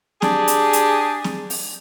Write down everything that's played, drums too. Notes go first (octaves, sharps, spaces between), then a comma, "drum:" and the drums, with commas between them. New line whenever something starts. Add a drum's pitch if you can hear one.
D4 G4 G#4, drum: snare C4
drum: hi-hat
drum: hi-hat
drum: snare C4
drum: open hi-hat